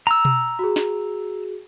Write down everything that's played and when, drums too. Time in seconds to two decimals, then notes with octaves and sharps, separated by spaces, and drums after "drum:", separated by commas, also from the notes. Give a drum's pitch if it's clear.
0.07 A#5 E6
0.25 drum: tom B2
0.59 F#4 G#4
0.76 drum: snare